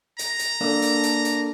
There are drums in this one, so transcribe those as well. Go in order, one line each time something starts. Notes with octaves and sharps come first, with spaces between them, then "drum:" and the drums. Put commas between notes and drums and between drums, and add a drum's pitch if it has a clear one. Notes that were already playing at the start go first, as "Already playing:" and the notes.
A#5, drum: hi-hat
drum: hi-hat
A#3 D4 A4
drum: hi-hat
drum: hi-hat
drum: hi-hat